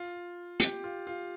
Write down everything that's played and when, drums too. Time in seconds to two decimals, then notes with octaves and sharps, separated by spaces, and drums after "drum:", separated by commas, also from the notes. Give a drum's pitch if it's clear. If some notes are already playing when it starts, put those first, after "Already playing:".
Already playing: F4
0.60 G4, drum: hi-hat
0.84 F4
1.07 F4